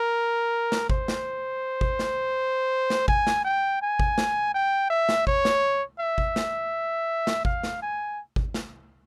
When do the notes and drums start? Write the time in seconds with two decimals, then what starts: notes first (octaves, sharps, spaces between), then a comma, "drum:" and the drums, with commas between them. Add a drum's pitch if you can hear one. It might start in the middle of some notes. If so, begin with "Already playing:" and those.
Already playing: A#4
0.72 drum: snare
0.90 C5, drum: kick G#1
1.08 drum: snare
1.81 drum: kick G#1
1.99 drum: snare
2.90 drum: snare
3.08 G#5, drum: kick G#1
3.27 drum: snare
3.44 G5
3.82 G#5
3.99 drum: kick G#1
4.18 drum: snare
4.54 G5
4.90 E5
5.09 drum: snare
5.27 C#5, drum: kick G#1
5.45 drum: snare
6.00 E5
6.18 drum: kick G#1
6.36 drum: snare
7.27 drum: snare
7.45 F5, drum: kick G#1
7.63 drum: snare
7.82 G#5
8.36 drum: kick G#1
8.54 drum: snare